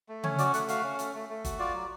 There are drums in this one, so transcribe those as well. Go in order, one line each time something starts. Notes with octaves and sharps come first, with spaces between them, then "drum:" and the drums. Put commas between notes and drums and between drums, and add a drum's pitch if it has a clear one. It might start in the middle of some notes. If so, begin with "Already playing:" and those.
A3
C#4 C#5, drum: tom C#3
F#4 D5, drum: hi-hat
A3 F#5, drum: hi-hat
F#4 F5, drum: hi-hat
C#4
A3, drum: hi-hat
A3
A3
F#4, drum: kick G1, hi-hat
F4 D5
F#3